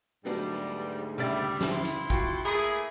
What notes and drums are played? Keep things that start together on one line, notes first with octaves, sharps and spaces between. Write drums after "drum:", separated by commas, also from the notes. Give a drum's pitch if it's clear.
D2 G#2 F#3 G3 B3 D4
C#2 G3 E5 A6
drum: snare
E4 C6
drum: hi-hat
F4 F#4 G5, drum: kick
A3 A#3 E4 G#4 A#5 B5